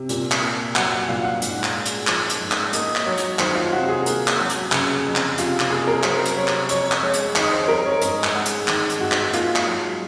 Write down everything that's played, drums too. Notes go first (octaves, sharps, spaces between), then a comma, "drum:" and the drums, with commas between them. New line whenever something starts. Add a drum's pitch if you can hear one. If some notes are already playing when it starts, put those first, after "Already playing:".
Already playing: C3
A#2, drum: hi-hat
drum: clap
A#3
F#3 F#5, drum: clap
F#5
A#2 F5
F#5
G#2, drum: hi-hat
drum: clap
G#3
drum: hi-hat
F3, drum: clap
drum: hi-hat
G#2
drum: clap
A#3 D#5, drum: hi-hat
drum: clap
F#3 C#5
drum: hi-hat
D#3 C5, drum: clap
F4
C3 F#4
G#4
A#3, drum: hi-hat
drum: clap
F#3
drum: hi-hat
C#3, drum: clap
F2
drum: clap
C3 F4, drum: hi-hat
drum: clap
A#3 G#4
A#4
F#3 C5, drum: clap
drum: hi-hat
C3 C#5
drum: clap
F2 C#5, drum: hi-hat
drum: clap
G#3 C#5
drum: hi-hat
D#3 D#5, drum: clap
C5
F2 A#4
C#5
G#2 D#5, drum: hi-hat
drum: clap
G#3 F#5
drum: hi-hat
D#3, drum: clap
drum: hi-hat
G#2 F#4
drum: clap
A#3 F4, drum: hi-hat
drum: clap
F#3